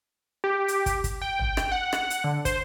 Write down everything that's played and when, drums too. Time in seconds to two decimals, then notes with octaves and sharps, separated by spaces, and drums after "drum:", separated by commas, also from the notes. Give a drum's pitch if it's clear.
0.44 G4
0.68 drum: hi-hat
0.86 drum: kick, hi-hat
1.04 drum: kick, hi-hat
1.22 G5
1.39 drum: tom
1.57 drum: rim click
1.72 F#5
1.93 drum: rim click
2.10 drum: hi-hat
2.24 D3
2.45 C5, drum: kick, hi-hat